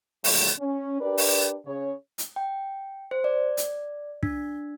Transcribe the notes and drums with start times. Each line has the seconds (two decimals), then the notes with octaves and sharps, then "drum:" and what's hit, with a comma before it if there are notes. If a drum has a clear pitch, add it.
0.24 A#2 D3 D#3 F#3 G#3 A3, drum: open hi-hat
0.58 C#4
1.00 D4 G4 A#4 B4 D5
1.18 drum: open hi-hat
1.65 C#3 C#5
2.18 drum: hi-hat
2.36 G5
3.11 C5
3.24 D5
3.57 drum: hi-hat
4.23 D4, drum: kick